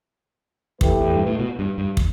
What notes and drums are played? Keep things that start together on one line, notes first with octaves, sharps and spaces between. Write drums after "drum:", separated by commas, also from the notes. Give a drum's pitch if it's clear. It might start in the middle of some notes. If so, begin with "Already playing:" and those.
A2 E3 A3 G4 B4, drum: kick
E2
G2
A2
B2
G2
G2
drum: kick